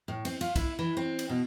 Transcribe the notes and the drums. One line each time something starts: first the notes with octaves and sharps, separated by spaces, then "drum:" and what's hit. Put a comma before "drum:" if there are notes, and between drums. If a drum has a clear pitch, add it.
A2
C4, drum: cymbal
F4, drum: cymbal
E4, drum: kick B1, cymbal
E3
C4
drum: cymbal
B2